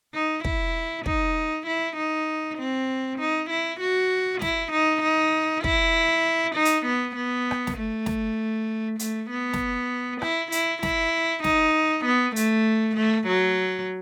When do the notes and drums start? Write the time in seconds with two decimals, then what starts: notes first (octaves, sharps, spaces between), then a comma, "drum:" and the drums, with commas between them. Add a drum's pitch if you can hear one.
0.14 D#4
0.45 E4, drum: kick
1.06 D#4, drum: kick
1.67 E4
1.97 D#4
2.58 C4
3.19 D#4
3.50 E4
3.80 F#4
4.42 E4, drum: snare
4.72 D#4
5.03 D#4
5.64 E4, drum: kick
6.56 D#4
6.65 drum: hi-hat
6.86 B3
7.16 B3
7.51 drum: rim click
7.67 drum: snare
7.78 A3
8.06 drum: snare
8.99 A3, drum: hi-hat
9.31 B3
9.53 drum: snare
10.22 E4, drum: rim click
10.52 E4, drum: hi-hat
10.83 E4, drum: snare
11.44 D#4, drum: snare
12.05 B3
12.36 A3, drum: hi-hat
12.96 A3
13.28 F#3